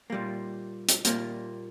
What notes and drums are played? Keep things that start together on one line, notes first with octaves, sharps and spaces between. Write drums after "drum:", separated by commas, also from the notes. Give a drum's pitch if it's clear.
A#2 G3 A#3
drum: hi-hat
A#2 G3 A#3, drum: hi-hat